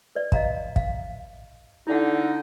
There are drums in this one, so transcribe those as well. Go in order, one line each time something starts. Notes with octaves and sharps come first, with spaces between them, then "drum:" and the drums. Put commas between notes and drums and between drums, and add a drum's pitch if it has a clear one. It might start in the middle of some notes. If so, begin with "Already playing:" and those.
B4 D5
D#5 F5 A#5, drum: kick
F5, drum: kick
D3 D#4 E4 F#5